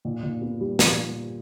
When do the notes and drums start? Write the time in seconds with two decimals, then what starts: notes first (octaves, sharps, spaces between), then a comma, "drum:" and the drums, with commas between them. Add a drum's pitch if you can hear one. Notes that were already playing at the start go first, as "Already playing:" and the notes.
0.05 A#2
0.23 A#2
0.41 B3
0.61 G3
0.79 A#2, drum: snare